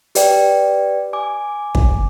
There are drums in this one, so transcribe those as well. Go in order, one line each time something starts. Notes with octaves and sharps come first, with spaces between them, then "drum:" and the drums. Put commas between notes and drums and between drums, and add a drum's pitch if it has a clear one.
G4 B4 D5 G5, drum: hi-hat
G#5 D6
drum: kick